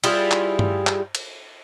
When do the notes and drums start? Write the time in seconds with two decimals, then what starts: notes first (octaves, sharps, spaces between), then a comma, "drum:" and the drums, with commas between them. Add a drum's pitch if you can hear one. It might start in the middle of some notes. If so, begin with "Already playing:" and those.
0.04 G3 E4 F4 G#4, drum: cymbal
0.31 drum: clap
0.59 drum: tom G2
0.87 drum: clap
1.15 drum: cymbal